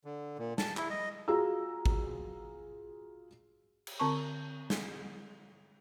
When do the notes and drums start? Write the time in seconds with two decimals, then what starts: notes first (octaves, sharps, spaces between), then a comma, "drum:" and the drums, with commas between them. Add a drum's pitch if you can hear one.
0.05 D3
0.39 A#2
0.58 A5, drum: snare
0.77 E4, drum: clap
0.90 D#5
1.28 F4 F#4 G#4 A#5 E6
1.86 drum: kick
3.87 drum: cymbal
4.00 D3 C4 A5 C#6
4.70 drum: snare